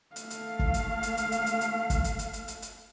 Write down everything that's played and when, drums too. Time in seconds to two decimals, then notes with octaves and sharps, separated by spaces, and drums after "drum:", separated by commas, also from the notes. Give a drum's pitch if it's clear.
0.16 A3 F5, drum: hi-hat
0.30 drum: hi-hat
0.59 drum: kick
0.74 drum: hi-hat
1.03 drum: hi-hat
1.17 drum: hi-hat
1.32 drum: hi-hat
1.46 drum: hi-hat
1.61 drum: hi-hat
1.90 drum: kick, hi-hat
2.04 drum: hi-hat
2.19 drum: hi-hat
2.33 drum: hi-hat
2.48 drum: hi-hat
2.62 drum: hi-hat